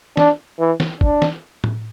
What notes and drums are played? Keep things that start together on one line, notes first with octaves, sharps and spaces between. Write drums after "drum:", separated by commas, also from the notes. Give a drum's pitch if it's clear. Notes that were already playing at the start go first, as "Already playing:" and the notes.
D4, drum: snare
E3
drum: snare
D4, drum: kick
drum: snare
drum: tom A2